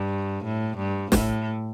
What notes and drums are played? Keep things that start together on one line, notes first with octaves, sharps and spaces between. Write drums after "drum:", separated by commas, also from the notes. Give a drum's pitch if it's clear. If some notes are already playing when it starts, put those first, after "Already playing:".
Already playing: G2
A2
G2
A2, drum: snare